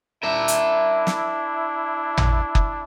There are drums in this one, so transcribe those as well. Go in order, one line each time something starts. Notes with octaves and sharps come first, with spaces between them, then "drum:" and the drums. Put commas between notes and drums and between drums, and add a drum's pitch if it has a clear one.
D4 E4 A#4 E5
drum: hi-hat
drum: snare
drum: tom
drum: kick F#1